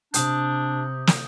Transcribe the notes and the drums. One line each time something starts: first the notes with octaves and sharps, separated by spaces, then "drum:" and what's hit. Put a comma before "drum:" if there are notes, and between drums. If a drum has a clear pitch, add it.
C3 D4 D#6 G6, drum: hi-hat
drum: snare